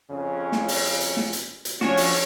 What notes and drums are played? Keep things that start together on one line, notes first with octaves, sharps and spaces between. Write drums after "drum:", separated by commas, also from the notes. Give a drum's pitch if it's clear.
F2 C#3 C#4
drum: snare
drum: open hi-hat
drum: hi-hat
drum: snare
drum: hi-hat
drum: hi-hat
F3 C#4 D4 F#4 C#5, drum: snare
drum: open hi-hat